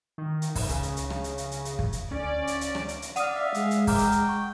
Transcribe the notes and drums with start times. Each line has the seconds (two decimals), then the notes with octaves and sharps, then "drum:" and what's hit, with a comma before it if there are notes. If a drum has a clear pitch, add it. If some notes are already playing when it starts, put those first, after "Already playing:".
0.18 D#3
0.42 drum: hi-hat
0.55 drum: kick, open hi-hat
0.69 C#2 C#3, drum: hi-hat
0.83 drum: hi-hat
0.97 drum: hi-hat
1.10 drum: rim click
1.24 drum: hi-hat
1.38 drum: hi-hat
1.51 drum: hi-hat
1.65 drum: hi-hat
1.79 drum: kick
1.92 drum: hi-hat
2.11 D2 C#4 D5
2.47 drum: hi-hat
2.61 drum: hi-hat
2.75 drum: rim click
2.88 drum: hi-hat
3.02 drum: hi-hat
3.16 D5 F#5 D#6 F6 D#7, drum: hi-hat
3.35 E5 F5
3.54 G#3, drum: hi-hat
3.71 drum: hi-hat
3.87 G5 A#5 D6 F6, drum: kick, open hi-hat
3.98 drum: hi-hat
4.12 drum: hi-hat
4.29 C#6